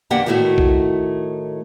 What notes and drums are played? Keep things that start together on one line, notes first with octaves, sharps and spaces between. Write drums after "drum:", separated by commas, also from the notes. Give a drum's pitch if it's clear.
E2 D3 A#3 G4 D5 F#5
A2 D#3 A3 E4 F#4
drum: kick B1